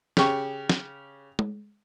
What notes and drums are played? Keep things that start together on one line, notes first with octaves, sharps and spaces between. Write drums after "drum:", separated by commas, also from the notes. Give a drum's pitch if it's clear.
C#3 G4 C#6, drum: snare
drum: snare
drum: tom